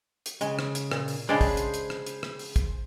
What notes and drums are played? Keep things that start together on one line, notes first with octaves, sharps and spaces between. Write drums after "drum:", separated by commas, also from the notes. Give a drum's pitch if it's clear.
drum: hi-hat
C#3 G#3, drum: hi-hat
drum: rim click
drum: hi-hat
A#2, drum: rim click
drum: open hi-hat
C#3 G#3 D4 G#4 C5 B5
drum: kick, open hi-hat
drum: hi-hat
drum: hi-hat
drum: rim click
drum: hi-hat
drum: rim click
drum: open hi-hat
drum: kick, hi-hat